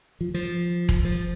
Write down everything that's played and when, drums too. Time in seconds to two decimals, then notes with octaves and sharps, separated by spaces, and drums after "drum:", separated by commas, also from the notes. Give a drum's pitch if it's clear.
0.21 F3
0.34 F3
0.89 drum: kick E1
1.05 F3